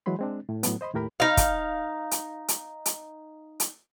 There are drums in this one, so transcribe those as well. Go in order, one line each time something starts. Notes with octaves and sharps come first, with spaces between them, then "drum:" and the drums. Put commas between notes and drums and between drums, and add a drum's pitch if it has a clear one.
E3 F#3 G#3 B5 C6
G#3 C4 D4
A2
A2 F#3 B3, drum: hi-hat
C5 D#5 B5 C6
D#2 A2 G4 A#4 B5
D#4 F5
drum: kick, hi-hat
drum: hi-hat
drum: hi-hat
drum: hi-hat
drum: hi-hat